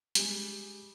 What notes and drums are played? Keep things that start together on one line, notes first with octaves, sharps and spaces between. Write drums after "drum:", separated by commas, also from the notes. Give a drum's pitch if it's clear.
G3 G#3, drum: hi-hat